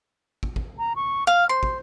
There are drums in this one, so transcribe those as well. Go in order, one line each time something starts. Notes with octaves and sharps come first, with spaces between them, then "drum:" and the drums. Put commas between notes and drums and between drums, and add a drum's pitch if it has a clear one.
drum: kick
drum: kick
A#5
C#6
F5 F6
C5 C6
drum: kick